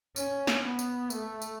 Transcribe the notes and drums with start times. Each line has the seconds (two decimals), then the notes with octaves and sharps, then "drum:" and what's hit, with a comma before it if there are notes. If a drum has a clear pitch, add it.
0.16 C#4, drum: tambourine
0.47 drum: snare
0.64 B3
0.79 drum: tambourine
1.10 A3, drum: tambourine
1.42 drum: tambourine